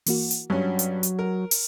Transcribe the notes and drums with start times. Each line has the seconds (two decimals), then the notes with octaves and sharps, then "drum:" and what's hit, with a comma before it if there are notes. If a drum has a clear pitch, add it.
0.06 E3 A#3 F#4, drum: open hi-hat
0.31 drum: hi-hat
0.50 G2 F#3 C#4
0.79 drum: hi-hat
1.03 drum: hi-hat
1.19 A#4
1.51 drum: open hi-hat